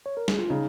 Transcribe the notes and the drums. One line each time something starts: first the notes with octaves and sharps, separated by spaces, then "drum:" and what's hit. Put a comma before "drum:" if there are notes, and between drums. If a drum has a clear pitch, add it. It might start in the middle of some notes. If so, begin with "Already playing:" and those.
C#5
A#4
G#4, drum: snare
F4
C#3 D#4